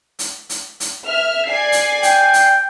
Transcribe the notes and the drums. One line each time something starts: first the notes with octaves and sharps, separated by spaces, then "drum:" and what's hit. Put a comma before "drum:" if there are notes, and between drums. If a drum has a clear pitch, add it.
drum: hi-hat
drum: hi-hat
drum: hi-hat
E5 F6
D5 G#5 C7
drum: hi-hat
G5, drum: hi-hat
drum: hi-hat